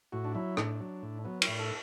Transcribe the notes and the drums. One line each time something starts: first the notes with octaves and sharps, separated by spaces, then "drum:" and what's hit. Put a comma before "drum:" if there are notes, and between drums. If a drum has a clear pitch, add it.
A2 F#4
D4
F#3 E4
A2 D4, drum: rim click
F#3
A2
F#3 B3
E4, drum: cymbal
A2
A4